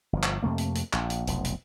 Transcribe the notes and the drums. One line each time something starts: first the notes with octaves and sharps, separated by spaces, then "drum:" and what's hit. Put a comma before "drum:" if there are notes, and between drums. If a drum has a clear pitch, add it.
G1 F3
drum: clap
F2 C3 A3 A#3
drum: hi-hat
drum: hi-hat
A#1, drum: clap
drum: hi-hat
F1 B1 F2, drum: hi-hat
drum: hi-hat